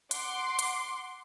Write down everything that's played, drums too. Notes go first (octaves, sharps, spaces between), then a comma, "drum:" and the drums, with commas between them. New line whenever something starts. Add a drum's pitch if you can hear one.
F#5 C6 D6, drum: hi-hat
drum: hi-hat